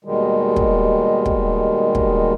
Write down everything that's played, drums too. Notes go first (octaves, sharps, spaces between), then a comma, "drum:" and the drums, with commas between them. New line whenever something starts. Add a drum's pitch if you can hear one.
D#2 B2 D#3 G3 G#3
drum: kick
drum: kick
drum: kick